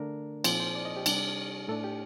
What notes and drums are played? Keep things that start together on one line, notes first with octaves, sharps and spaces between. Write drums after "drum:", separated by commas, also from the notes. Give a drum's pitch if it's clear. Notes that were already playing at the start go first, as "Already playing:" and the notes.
Already playing: D3 A3 D4 A#4
A#2 F3 C4 C5, drum: cymbal
C5
D5
D#5
G4
C3 G3 D4, drum: cymbal
A2 A3 D4 A4
G4